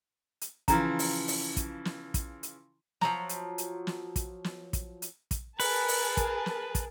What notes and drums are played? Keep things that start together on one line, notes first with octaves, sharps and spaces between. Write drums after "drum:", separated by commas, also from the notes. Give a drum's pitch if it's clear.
drum: hi-hat
C#3 E3 F3 A#5, drum: kick, hi-hat
drum: open hi-hat
drum: open hi-hat
drum: kick, hi-hat
drum: snare
drum: kick, hi-hat
drum: hi-hat
F3 F#3 A#5, drum: snare
drum: hi-hat
drum: hi-hat
drum: snare
drum: kick, hi-hat
drum: snare
drum: kick, hi-hat
drum: hi-hat
drum: kick, hi-hat
G#4 A#4 B4 A5, drum: open hi-hat
drum: open hi-hat
drum: kick, hi-hat
drum: snare
drum: kick, hi-hat